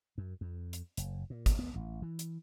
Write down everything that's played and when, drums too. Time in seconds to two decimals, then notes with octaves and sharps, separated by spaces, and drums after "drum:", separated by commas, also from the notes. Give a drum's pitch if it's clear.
0.18 F#2
0.41 F2
0.73 drum: hi-hat
0.97 F#1, drum: hi-hat
1.30 A#2
1.46 drum: kick, hi-hat
1.59 B3
1.76 A1
2.02 E3
2.19 drum: hi-hat